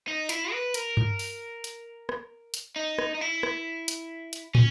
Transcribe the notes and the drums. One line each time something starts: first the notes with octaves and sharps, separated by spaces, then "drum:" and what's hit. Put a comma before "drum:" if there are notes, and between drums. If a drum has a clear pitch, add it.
D#4
E4, drum: hi-hat
B4
A#4, drum: hi-hat
drum: tom G2
drum: open hi-hat
drum: hi-hat
drum: rim click
drum: hi-hat
D#4
drum: rim click
D#4
E4
drum: rim click
drum: hi-hat
drum: hi-hat
C#4, drum: tom